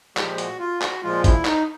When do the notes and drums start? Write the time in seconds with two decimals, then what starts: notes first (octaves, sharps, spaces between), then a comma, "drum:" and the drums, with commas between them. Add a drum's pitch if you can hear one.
0.17 A#2 F3 G#3 G4, drum: clap
0.38 F#4, drum: hi-hat
0.60 F4
0.82 F#4, drum: clap
1.03 A#2 F3 G#3 F4
1.24 E4, drum: kick, hi-hat
1.45 D#4, drum: clap